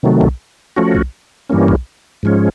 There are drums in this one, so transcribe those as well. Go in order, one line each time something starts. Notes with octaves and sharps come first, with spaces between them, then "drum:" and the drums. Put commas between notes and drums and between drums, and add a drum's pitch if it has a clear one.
C3 D#3 F#3 A3
drum: kick
F3 A3 C#4 F#4
drum: kick
G2 E3 G3 A#3 C#4
drum: kick
G#2 F3 G#3 C#4